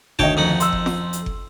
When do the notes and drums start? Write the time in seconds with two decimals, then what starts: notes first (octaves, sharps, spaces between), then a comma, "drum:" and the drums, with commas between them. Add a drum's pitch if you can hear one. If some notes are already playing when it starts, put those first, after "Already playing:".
0.19 D2 D#3 C#5 D#5 G5 A5, drum: kick F#1
0.37 F2 D#4 F#5
0.60 C6 E6, drum: hi-hat
0.73 drum: kick F#1
0.86 drum: snare F4
1.13 drum: hi-hat
1.26 drum: kick F#1